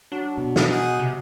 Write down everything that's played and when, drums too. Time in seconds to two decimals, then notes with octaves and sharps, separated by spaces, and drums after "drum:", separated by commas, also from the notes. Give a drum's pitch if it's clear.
0.12 F#3 D4
0.38 B2
0.56 drum: snare
0.70 D#4 G#4 F#5
0.99 C3